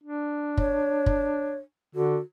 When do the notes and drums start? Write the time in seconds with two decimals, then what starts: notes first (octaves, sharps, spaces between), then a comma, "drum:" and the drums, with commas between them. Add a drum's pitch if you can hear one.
0.04 D4
0.58 C#5, drum: kick
1.06 drum: kick
1.95 D3 F#4